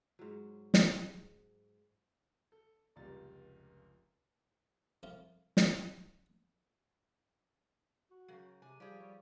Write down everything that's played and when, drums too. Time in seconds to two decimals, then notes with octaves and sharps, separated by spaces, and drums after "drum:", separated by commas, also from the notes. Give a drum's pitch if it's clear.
0.19 G#2 F#3
0.74 drum: snare
2.52 A4
2.96 F1 C#2 A#2 G3 A6
5.03 C2 F2 E4 F4
5.57 drum: snare
8.11 F#4
8.28 C#3 F#3 A#4 G5
8.62 C3 D4 G#5
8.80 F3 G3 G4 G#4
9.00 G3 C#5